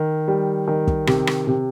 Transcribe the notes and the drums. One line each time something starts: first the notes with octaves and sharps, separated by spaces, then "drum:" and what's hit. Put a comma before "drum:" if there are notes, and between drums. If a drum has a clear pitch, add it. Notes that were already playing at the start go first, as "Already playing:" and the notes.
Already playing: D#3
G3
D#3
drum: kick
C3, drum: rim click
drum: rim click
C3